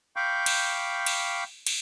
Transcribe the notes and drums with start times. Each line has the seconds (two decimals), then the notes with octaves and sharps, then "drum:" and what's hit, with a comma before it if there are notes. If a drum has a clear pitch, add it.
0.16 F5 G5 B5 C#6 D6 G6
0.46 drum: cymbal
1.06 drum: cymbal
1.67 drum: cymbal